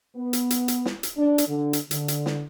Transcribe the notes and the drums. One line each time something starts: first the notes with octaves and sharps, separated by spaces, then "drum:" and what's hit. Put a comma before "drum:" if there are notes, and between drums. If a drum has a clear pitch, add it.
B3
drum: hi-hat
drum: hi-hat
drum: hi-hat
drum: snare
drum: hi-hat
D4
drum: hi-hat
D3
drum: hi-hat
D3, drum: hi-hat
drum: hi-hat
drum: snare